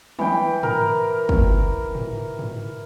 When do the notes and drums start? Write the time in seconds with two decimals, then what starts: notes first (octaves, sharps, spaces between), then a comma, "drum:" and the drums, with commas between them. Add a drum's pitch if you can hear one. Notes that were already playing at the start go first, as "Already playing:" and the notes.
0.19 E3 G5, drum: tom
0.63 A#4, drum: tom G#2
1.29 drum: kick
1.95 drum: tom G#2
2.39 drum: tom G#2